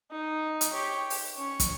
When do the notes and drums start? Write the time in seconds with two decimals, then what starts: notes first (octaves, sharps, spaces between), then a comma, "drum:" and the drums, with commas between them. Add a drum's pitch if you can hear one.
0.11 D#4
0.61 drum: hi-hat
0.72 G4 C#5
1.10 drum: open hi-hat
1.35 C#4 C#5
1.60 drum: kick, hi-hat